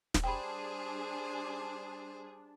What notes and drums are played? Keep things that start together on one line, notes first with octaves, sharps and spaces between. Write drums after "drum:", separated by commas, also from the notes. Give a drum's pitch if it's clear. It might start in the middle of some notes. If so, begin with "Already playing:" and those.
drum: snare
G3 D4 G#4 C5 G5 B5